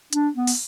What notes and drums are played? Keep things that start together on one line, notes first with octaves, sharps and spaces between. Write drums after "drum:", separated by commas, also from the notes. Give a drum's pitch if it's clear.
D4, drum: hi-hat
B3
drum: open hi-hat